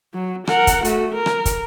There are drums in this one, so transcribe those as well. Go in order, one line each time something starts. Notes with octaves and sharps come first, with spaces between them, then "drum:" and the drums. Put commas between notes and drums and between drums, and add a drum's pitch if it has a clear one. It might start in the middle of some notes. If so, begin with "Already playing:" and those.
F#3
A#4 F#5, drum: rim click
drum: kick, hi-hat
A3 F#4, drum: hi-hat
A#4
drum: rim click
drum: kick, hi-hat